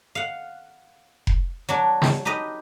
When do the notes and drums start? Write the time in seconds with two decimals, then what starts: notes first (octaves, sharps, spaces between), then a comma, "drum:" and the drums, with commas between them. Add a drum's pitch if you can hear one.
0.15 F5 F#5
1.27 drum: kick F1
1.69 F#3 D4
2.02 drum: snare
2.25 D#4 G4 B4 D#5